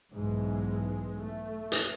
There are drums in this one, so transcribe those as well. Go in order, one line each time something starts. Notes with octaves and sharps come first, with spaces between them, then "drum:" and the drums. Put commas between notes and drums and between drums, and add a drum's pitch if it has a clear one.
B1 G#2 E3 G#3
A3
drum: hi-hat